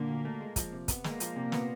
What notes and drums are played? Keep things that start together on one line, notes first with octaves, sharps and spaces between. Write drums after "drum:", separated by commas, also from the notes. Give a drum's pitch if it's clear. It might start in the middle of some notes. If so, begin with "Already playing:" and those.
Already playing: A#2 D3 A#3
D2
A3
G#3
F3, drum: kick, hi-hat
C3
B3, drum: kick, hi-hat
A#2 G#3 A#3, drum: snare
F3, drum: hi-hat
C3
B3, drum: snare